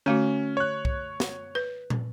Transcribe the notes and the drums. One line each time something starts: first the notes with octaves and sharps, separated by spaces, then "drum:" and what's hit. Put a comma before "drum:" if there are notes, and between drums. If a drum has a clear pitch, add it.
D3 A3 C#4 F#4
C#5 F#6
drum: kick
drum: snare
B4
drum: tom